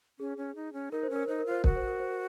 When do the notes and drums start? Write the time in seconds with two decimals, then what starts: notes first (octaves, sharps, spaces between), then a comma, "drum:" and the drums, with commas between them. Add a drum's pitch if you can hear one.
0.19 C#4 G#4
0.37 C#4
0.55 D#4
0.73 C#4
0.91 D#4 A#4
1.03 C5
1.10 C#4
1.16 A#4
1.28 D#4 C5
1.39 A#4
1.46 F4 C5
1.64 F#4 A#4, drum: kick
1.76 C5
1.87 A#4
2.00 C5
2.11 A#4